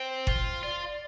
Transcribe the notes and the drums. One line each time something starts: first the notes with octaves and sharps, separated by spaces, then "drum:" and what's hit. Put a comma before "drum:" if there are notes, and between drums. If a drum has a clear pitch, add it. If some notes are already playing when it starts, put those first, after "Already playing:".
Already playing: C4 C5
F4, drum: kick F#1
F4 D5